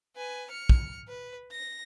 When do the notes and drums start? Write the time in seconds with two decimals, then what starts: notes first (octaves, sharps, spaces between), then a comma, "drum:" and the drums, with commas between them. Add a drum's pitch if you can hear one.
0.16 B4 G#5
0.51 F6 C#7
0.69 drum: kick
1.08 B4
1.51 A#6